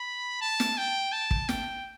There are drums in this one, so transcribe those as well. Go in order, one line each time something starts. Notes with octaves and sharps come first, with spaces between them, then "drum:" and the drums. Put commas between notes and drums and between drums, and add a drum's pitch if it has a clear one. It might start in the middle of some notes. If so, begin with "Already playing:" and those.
Already playing: B5
A5
drum: snare
G5
A5
drum: kick
G5, drum: snare